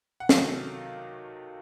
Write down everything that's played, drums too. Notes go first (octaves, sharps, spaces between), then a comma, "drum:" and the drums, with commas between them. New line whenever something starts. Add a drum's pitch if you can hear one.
F#5
C3 D#3 F#3 A3 F5, drum: snare